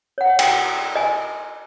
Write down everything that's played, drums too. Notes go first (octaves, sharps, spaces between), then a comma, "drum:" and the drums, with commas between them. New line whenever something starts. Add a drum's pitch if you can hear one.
C#5 F#5
G5, drum: cymbal
D#5 G#5